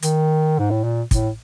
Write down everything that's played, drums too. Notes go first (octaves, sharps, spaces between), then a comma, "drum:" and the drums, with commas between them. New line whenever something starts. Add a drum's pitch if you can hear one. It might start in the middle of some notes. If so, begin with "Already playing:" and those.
D#3, drum: hi-hat
G#2
A2
A#2
A2, drum: kick, hi-hat